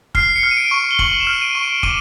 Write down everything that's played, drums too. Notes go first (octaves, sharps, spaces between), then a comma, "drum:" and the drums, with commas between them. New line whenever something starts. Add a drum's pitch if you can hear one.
F6 C7, drum: kick
C#7
F6
D#7
D7
C#6
G7
C#6 F#7, drum: kick
E7
F6
D7
D#7
C#6
D7
D6 D#7, drum: kick